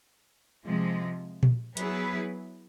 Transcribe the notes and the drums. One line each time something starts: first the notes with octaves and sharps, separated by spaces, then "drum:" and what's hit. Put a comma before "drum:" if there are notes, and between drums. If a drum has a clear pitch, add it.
C3 F3 G#3
drum: tom A#2
F#3 B3 E4 G#4 B4, drum: hi-hat